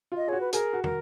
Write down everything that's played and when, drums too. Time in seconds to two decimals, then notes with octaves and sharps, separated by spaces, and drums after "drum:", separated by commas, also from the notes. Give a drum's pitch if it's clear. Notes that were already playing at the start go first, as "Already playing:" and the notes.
0.12 F4 D#5
0.28 F#4 G#4 C#5
0.40 B4
0.53 G#4 A#4, drum: hi-hat
0.73 F#4
0.84 A#4, drum: tom